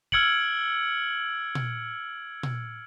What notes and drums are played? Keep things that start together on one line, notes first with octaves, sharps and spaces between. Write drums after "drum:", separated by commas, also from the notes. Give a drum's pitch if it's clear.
E6 F6 G#6 C#7 D7 F#7, drum: kick
drum: tom A#2
drum: tom A#2